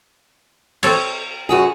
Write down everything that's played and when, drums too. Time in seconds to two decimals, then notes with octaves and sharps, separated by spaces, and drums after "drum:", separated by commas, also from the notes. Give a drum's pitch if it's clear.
0.83 C4 A4 C#5, drum: cymbal
1.49 F#2 F#4 G#4